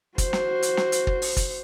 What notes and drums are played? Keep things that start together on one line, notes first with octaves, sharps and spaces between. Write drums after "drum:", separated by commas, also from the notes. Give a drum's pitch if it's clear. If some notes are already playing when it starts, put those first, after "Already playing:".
F#4 C5, drum: kick, hi-hat
drum: snare
drum: hi-hat
drum: snare
drum: hi-hat
drum: kick
drum: open hi-hat
drum: kick, hi-hat